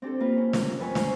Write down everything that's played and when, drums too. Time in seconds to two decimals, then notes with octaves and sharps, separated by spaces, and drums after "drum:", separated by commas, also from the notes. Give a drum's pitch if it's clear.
0.02 C4 D4 G4 A4
0.20 A#3 F4 A#4 B4
0.38 C#4
0.53 F4 A#4 F#6, drum: snare
0.79 F2 B4 G#5 C#6
0.95 C5 G#5 A#5 F#6, drum: snare